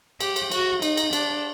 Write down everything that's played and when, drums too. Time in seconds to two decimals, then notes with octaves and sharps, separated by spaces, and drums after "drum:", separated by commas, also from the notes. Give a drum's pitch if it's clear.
0.20 G4, drum: cymbal
0.36 drum: cymbal
0.51 F#4, drum: cymbal
0.82 D#4, drum: cymbal
0.97 drum: cymbal
1.13 D4, drum: cymbal